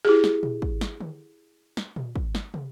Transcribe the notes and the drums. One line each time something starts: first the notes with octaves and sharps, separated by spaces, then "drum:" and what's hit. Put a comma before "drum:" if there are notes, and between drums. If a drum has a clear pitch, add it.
E4 G4 G#4
drum: snare
drum: tom A#2
drum: kick
drum: snare
drum: tom D3
drum: snare
drum: tom A#2
drum: kick
drum: snare
drum: tom